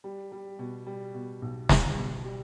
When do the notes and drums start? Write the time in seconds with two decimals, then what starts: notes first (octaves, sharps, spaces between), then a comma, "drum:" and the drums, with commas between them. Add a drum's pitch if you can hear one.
0.04 G3
0.32 G3
0.59 B2
0.87 G3
1.14 B2
1.42 B1
1.69 B1, drum: snare
1.97 B2
2.24 G3